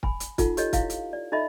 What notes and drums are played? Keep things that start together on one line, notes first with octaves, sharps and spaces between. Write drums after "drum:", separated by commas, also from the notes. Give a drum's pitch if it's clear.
G#5 B5, drum: kick
drum: hi-hat
D#4 F4 A4 F#5, drum: kick, hi-hat
G4 A4 C#5 D#5, drum: hi-hat
E4 F5, drum: kick, hi-hat
drum: hi-hat
D5
D#4 A4 D#5 E5 B5